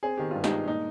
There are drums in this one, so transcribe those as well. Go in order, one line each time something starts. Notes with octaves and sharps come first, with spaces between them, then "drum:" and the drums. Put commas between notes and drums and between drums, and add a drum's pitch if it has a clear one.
C4 G#4
D#3 G4
G2 F4
D#4 G4, drum: snare
G#3
A#2 D#4